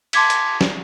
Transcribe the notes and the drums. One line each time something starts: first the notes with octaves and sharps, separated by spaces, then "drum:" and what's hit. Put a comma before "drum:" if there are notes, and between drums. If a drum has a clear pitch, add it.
A5 C6 D6 G#6 B6, drum: cymbal
drum: hi-hat
drum: snare